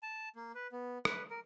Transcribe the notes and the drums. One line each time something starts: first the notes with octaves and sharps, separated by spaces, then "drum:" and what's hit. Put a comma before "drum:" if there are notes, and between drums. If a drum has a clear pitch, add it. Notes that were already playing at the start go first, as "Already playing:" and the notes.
A5
A#3
B4
B3
B4, drum: rim click
A#4